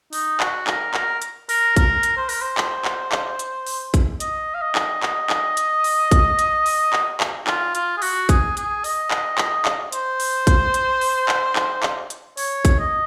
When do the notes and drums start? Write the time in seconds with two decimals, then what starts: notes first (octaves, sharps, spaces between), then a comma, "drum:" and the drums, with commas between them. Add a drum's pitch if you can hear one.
0.13 D#4, drum: open hi-hat
0.40 F#4, drum: clap
0.67 A#4, drum: clap
0.94 A#4, drum: clap
1.22 drum: hi-hat
1.49 A#4, drum: open hi-hat
1.76 A#4, drum: kick, hi-hat
2.03 drum: hi-hat
2.17 C5
2.29 A#4, drum: open hi-hat
2.41 C5
2.58 drum: clap
2.85 drum: clap
3.12 drum: clap
3.39 drum: hi-hat
3.67 drum: open hi-hat
3.94 drum: kick, hi-hat
4.20 D#5, drum: hi-hat
4.55 F5
4.62 D#5
4.75 drum: clap
5.03 D#5, drum: clap
5.30 drum: clap
5.57 drum: hi-hat
5.84 drum: open hi-hat
6.11 drum: kick, hi-hat
6.39 drum: hi-hat
6.66 drum: open hi-hat
6.93 drum: clap
7.20 drum: clap
7.47 F4, drum: clap
7.75 F4, drum: hi-hat
7.97 G#4
8.02 F#4, drum: open hi-hat
8.29 G#4, drum: kick, hi-hat
8.57 G#4, drum: hi-hat
8.84 D#5, drum: open hi-hat
9.11 drum: clap
9.38 drum: clap
9.65 drum: clap
9.92 C5, drum: hi-hat
10.20 drum: open hi-hat
10.47 drum: kick, hi-hat
10.74 drum: hi-hat
11.01 drum: open hi-hat
11.29 drum: clap
11.56 drum: clap
11.83 drum: clap
12.10 drum: hi-hat
12.37 C#5, drum: open hi-hat
12.65 drum: kick, hi-hat
12.79 D#5